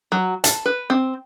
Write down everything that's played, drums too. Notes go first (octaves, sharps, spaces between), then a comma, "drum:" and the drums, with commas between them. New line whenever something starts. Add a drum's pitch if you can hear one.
F#3
A5, drum: hi-hat
B4
C4